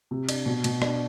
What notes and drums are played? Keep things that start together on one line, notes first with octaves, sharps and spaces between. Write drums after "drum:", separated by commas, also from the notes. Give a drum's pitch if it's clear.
C3
D4, drum: cymbal
B2
B2, drum: cymbal
D4, drum: rim click